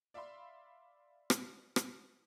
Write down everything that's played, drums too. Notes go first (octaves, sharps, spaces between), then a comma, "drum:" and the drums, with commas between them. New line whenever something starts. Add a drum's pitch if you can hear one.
D5 E5 F5 B5 C6
drum: rim click
drum: rim click